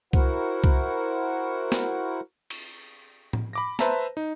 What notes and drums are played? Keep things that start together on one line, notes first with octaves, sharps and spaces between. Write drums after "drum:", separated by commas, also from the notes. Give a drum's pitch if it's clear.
E4 F#4 A#4 C5 F#5, drum: kick C2
drum: kick C2
drum: snare
drum: cymbal
drum: tom A2
B5 D6 A#6
B4 C5 E5 A5 A#5, drum: snare
D#4